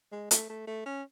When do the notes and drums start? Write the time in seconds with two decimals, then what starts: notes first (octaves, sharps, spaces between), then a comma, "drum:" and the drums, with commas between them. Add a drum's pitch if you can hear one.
0.12 G#3
0.31 A3, drum: hi-hat
0.49 A3
0.67 A3
0.86 C#4